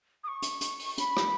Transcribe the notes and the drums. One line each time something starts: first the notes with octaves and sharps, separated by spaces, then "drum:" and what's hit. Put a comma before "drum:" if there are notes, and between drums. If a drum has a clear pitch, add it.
D#6
C#6
drum: hi-hat
drum: hi-hat
drum: open hi-hat
B5, drum: hi-hat
drum: rim click